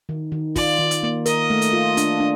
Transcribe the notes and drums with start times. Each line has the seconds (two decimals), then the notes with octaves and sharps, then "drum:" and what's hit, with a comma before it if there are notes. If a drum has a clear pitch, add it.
0.09 D#3
0.32 D#3
0.56 F4 D5, drum: kick, open hi-hat
0.79 D#3
0.91 drum: hi-hat
1.03 A#3
1.26 A#4 D#5, drum: hi-hat
1.50 A3
1.62 drum: hi-hat
1.73 F4
1.97 D4, drum: hi-hat
2.20 D4